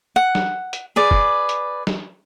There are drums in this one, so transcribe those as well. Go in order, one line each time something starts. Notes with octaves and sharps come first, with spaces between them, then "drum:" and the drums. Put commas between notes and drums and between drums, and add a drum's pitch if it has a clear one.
F#5
drum: snare
drum: hi-hat
G#4 B4 D5
drum: kick F1
drum: hi-hat
drum: snare